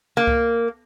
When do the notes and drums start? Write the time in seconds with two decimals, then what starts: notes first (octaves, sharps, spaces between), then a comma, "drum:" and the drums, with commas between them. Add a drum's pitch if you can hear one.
0.17 A#3
0.27 drum: kick C2